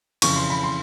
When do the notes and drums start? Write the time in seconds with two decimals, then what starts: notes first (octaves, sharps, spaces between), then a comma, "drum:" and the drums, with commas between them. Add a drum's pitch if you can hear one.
0.22 F2 C#3 E3 C#6, drum: cymbal
0.36 C6
0.50 B5
0.63 C6